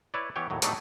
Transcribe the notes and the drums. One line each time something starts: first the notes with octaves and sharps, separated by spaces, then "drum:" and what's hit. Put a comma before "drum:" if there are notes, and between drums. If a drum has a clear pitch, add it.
E4 B4 C#5 D5
E3 B3 G4 C#5 G5
D#2 A2 F#3
A2 F#3 A3 B3 D4 D#4, drum: hi-hat